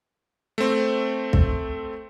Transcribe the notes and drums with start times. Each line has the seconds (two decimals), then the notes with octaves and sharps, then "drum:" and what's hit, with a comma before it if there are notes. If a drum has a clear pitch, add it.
0.58 A3 C4
1.33 drum: kick